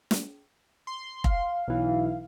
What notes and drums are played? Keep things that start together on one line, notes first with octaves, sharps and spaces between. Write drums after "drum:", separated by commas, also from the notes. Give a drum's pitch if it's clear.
drum: snare
C6
F5, drum: kick F1
B1 E3